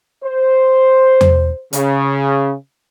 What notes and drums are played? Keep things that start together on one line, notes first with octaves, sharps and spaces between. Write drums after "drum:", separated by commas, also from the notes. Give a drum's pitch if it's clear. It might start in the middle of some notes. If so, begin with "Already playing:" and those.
C5
drum: tom E2
C#3, drum: hi-hat